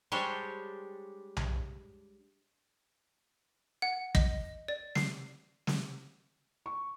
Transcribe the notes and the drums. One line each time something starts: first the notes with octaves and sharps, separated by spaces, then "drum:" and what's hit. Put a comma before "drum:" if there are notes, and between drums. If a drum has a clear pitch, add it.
G3 G#3 D4 G4 C5 C#5
drum: tom B1
F#5
D#5, drum: kick
D5
C7, drum: snare
drum: snare
C#6